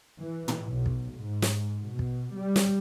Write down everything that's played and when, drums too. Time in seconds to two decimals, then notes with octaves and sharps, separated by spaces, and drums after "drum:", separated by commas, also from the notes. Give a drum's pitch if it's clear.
0.21 E3
0.48 drum: tom
0.67 B1
0.86 drum: kick
1.16 G#2
1.42 drum: snare
1.89 B2
1.99 drum: kick
2.37 G3
2.56 drum: snare